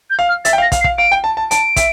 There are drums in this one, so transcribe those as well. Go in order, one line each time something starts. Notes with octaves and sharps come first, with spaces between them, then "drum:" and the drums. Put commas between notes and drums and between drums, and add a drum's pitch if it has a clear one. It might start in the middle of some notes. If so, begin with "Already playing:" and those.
G6
F5
F6
E5 A6, drum: hi-hat
G5
F5
A#6
F5, drum: kick, hi-hat
C7
F5, drum: kick
F5 D7
G5
A5
A5
A5 D7, drum: hi-hat
E5, drum: kick, hi-hat